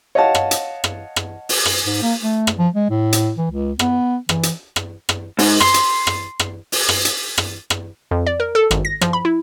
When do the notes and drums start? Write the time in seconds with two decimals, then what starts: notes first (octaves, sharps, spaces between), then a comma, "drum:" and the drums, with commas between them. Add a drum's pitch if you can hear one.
0.15 C#5 D#5 F5 F#5 A5
0.35 drum: rim click
0.51 drum: hi-hat
0.84 drum: rim click
1.16 drum: rim click
1.49 drum: open hi-hat
1.65 drum: rim click
1.86 G#2
2.02 A#3
2.22 A3
2.47 drum: rim click
2.59 F3
2.74 G#3
2.90 A2
3.13 drum: hi-hat
3.38 E3
3.51 C#2
3.79 B3, drum: rim click
4.29 E3, drum: rim click
4.43 drum: hi-hat
4.76 drum: rim click
5.09 drum: rim click
5.39 G#2, drum: open hi-hat
5.60 C6, drum: rim click
5.74 drum: hi-hat
6.07 drum: rim click
6.39 drum: rim click
6.72 drum: open hi-hat
6.89 drum: rim click
7.05 drum: hi-hat
7.38 drum: rim click
7.70 drum: rim click
8.11 F2
8.27 D5
8.40 A#4
8.55 A4
8.71 G#1, drum: rim click
8.85 A#6
9.01 F3, drum: rim click
9.13 B5
9.25 E4